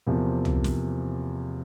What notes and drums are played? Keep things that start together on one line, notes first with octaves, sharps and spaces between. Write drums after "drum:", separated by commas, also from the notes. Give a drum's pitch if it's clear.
E2 C3 F3 A#3
drum: tom
drum: snare